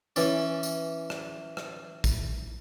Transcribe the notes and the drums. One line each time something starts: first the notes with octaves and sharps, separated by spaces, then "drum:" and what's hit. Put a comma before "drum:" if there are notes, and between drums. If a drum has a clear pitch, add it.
E3 C#4 D5, drum: tambourine
drum: tambourine
drum: rim click
drum: rim click
drum: kick A1, tambourine